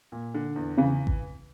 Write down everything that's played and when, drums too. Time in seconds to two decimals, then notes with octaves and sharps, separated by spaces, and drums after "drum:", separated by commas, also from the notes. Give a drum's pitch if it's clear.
0.12 A#2
0.34 D3
0.56 E2
0.77 C#3 E3
1.07 drum: kick A1